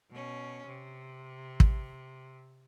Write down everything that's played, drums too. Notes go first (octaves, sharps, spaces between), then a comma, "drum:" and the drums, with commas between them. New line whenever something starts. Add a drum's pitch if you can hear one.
B2 C#4
C3
drum: kick